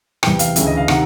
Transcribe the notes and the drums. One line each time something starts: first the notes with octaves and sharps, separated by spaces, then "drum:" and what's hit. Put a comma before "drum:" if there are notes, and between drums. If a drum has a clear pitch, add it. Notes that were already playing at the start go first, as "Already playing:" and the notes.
E2 C3 E3 G5, drum: rim click
F5, drum: hi-hat
D2 C#3 E3 E5, drum: hi-hat
D#5
F5
C3 D#3 F#5, drum: rim click